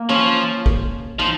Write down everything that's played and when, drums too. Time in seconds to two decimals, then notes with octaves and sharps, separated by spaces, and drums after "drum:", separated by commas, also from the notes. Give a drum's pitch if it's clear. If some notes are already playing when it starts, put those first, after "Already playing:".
Already playing: A#3
0.09 F3 C#4
0.66 drum: kick
1.19 F3 D#4